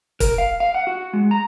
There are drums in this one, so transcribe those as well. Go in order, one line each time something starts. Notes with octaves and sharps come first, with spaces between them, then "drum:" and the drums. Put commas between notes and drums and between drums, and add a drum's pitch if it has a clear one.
A#4, drum: kick, hi-hat
F5
F5
F#5
F#4
G#3
A#5